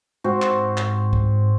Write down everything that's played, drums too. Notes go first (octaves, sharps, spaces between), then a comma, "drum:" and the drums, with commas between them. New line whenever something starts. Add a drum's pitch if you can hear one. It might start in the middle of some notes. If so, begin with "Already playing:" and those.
G#2 C4 F#4 C5
drum: clap
drum: clap
drum: kick